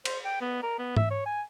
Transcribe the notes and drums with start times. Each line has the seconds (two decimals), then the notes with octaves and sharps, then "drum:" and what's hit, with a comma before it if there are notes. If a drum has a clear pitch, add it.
0.05 C5, drum: cymbal
0.25 G5
0.41 B3
0.63 A#4
0.79 B3
0.96 E5, drum: tom G#2
1.11 C#5
1.26 G#5